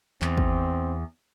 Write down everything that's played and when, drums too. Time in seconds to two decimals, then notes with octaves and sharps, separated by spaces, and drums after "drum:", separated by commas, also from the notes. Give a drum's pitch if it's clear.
0.22 E2 C4, drum: clap
0.37 drum: kick